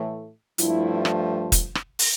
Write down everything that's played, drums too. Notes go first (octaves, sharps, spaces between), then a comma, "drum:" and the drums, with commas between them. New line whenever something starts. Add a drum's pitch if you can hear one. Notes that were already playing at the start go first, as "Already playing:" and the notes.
Already playing: A2 E3 A3
G2 F3 A3 E4, drum: hi-hat
drum: rim click
drum: kick, hi-hat
drum: rim click
drum: open hi-hat